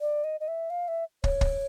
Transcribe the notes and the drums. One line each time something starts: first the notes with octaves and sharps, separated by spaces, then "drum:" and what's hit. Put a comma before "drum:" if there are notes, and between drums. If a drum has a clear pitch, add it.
D5
D#5
D#5
E5
F5
E5
C#5, drum: kick
drum: kick